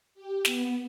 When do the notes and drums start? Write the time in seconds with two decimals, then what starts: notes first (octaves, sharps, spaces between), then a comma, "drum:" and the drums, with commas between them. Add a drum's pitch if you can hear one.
0.15 G4
0.45 B3, drum: snare